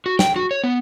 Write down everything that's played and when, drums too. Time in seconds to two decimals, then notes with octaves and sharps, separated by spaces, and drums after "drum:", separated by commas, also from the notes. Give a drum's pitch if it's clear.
0.06 F#4
0.19 G5, drum: snare
0.36 F#4
0.51 C#5
0.64 B3